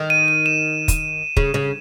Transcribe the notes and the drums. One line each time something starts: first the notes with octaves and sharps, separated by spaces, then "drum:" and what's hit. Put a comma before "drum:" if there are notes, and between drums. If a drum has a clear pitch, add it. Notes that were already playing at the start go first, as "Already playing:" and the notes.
Already playing: D#3
D#7
D#7
E7
drum: kick, hi-hat
C#3, drum: kick
C#3